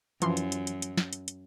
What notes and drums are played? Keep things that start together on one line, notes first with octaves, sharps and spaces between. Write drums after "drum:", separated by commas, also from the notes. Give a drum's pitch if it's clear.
F#2 E3 F3 C6, drum: hi-hat
drum: hi-hat
drum: hi-hat
drum: hi-hat
drum: hi-hat
drum: snare
drum: hi-hat
drum: hi-hat